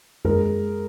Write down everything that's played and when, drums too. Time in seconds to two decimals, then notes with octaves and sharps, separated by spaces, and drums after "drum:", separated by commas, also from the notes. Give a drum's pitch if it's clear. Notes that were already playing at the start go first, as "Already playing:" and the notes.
0.25 G#3 A#4, drum: tom F#2